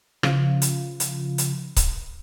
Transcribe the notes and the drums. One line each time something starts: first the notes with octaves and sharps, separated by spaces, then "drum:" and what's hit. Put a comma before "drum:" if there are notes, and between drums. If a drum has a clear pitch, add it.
C#3 F3 F4, drum: rim click
drum: hi-hat
drum: hi-hat
drum: hi-hat
drum: kick C#1, hi-hat